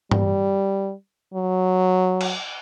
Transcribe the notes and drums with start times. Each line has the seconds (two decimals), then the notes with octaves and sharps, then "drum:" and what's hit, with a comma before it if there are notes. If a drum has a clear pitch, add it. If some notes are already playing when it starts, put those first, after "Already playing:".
0.11 G3, drum: tom
1.34 F#3
2.21 drum: cymbal